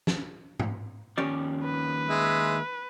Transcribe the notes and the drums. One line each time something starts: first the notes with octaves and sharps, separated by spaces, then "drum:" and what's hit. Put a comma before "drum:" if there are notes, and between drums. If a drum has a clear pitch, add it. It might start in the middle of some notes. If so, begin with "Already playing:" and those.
drum: snare
drum: tom G#2
D#2 F3 C#4 G4 D5
B4
G#3 E5